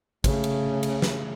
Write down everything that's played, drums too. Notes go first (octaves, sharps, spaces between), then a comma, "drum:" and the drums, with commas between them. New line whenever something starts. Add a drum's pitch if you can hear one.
C#3 A3, drum: kick, cymbal
drum: cymbal
drum: cymbal
drum: snare